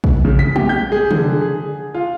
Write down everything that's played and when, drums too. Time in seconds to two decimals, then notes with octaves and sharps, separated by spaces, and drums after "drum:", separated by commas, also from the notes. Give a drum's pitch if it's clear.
0.04 drum: kick
0.25 C#3
0.39 B6
0.56 G4, drum: tom
0.69 G6
0.92 G#4
1.11 D3, drum: tom
1.41 G#4
1.94 F4